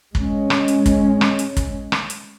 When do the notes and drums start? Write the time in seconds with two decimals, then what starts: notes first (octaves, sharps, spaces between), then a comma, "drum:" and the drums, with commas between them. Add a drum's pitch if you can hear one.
0.15 G#3 C#4, drum: kick
0.50 drum: rim click
0.68 drum: hi-hat
0.86 drum: kick, hi-hat
1.21 drum: rim click
1.39 drum: hi-hat
1.57 drum: kick, hi-hat
1.92 drum: rim click
2.10 drum: hi-hat